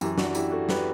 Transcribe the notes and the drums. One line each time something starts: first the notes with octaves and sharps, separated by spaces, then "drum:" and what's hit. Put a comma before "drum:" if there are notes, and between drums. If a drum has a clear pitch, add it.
F#2 E3 E4 G4, drum: tambourine
D4 F#4, drum: snare
E4 G4, drum: tambourine
F#4 A4
G4 B4, drum: snare